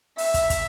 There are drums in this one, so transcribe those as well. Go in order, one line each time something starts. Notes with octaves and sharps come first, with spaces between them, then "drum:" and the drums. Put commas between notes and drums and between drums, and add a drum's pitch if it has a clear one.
E5, drum: open hi-hat
drum: kick, hi-hat
drum: kick, hi-hat